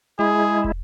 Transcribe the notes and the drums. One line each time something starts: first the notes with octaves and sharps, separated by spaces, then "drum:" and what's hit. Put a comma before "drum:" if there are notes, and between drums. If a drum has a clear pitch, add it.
G#3 E4 G#4
drum: kick